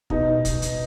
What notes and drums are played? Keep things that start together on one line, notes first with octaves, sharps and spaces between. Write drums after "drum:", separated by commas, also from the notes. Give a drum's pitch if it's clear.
B2 D#4, drum: kick
drum: kick, hi-hat
drum: hi-hat